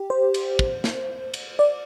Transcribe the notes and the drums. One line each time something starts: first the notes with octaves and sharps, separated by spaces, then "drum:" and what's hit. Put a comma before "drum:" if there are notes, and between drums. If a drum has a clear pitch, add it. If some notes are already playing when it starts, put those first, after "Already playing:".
Already playing: G4
C5
drum: cymbal
drum: kick
drum: snare
drum: cymbal
D5